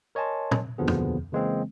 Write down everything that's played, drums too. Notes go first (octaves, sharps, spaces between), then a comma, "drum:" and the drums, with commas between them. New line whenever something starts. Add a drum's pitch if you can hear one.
A#4 C#5 D#5 G#5 A5 C6
drum: tom
D#2 B2 D3 F3 B3 G#4
drum: tom
C#3 E3 G#3 A#3 C4